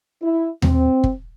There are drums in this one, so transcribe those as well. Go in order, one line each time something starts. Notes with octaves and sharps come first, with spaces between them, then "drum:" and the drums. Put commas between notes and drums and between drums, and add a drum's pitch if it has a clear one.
E4
C4, drum: tom D#2
drum: kick